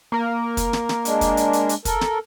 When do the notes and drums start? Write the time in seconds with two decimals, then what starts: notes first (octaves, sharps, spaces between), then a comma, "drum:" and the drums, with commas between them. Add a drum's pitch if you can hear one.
0.12 A#3 A#4
0.57 drum: kick, hi-hat
0.73 drum: snare
0.89 drum: snare
1.05 G#3 D4, drum: hi-hat
1.21 drum: kick, hi-hat
1.37 drum: hi-hat
1.53 drum: hi-hat
1.69 drum: hi-hat
1.85 A4 A#4, drum: kick, hi-hat
2.01 drum: snare